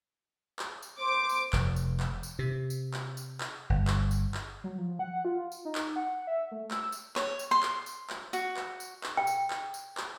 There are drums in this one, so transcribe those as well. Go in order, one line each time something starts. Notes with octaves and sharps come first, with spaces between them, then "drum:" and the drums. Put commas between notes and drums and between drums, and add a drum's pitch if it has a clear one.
drum: clap
drum: tambourine
C5 D6
drum: tambourine
F1, drum: clap
drum: tambourine
drum: clap
drum: tambourine
C3
drum: tambourine
drum: clap
drum: tambourine
drum: clap
G1
drum: clap
drum: tambourine
drum: clap
F#3
F3
F#5
F4
drum: tambourine
D#4
drum: clap
F#5
E5
A3
E6, drum: clap
drum: tambourine
C#5, drum: clap
drum: tambourine
C6
drum: clap
drum: tambourine
drum: clap
F#4, drum: tambourine
drum: clap
drum: tambourine
drum: clap
G5
drum: tambourine
drum: clap
drum: tambourine
drum: clap